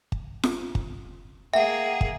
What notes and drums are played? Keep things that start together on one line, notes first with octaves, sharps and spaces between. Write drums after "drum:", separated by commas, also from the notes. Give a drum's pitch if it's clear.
drum: kick
drum: snare F4
drum: kick
A#3 G#4 E5 F#5 G5
drum: kick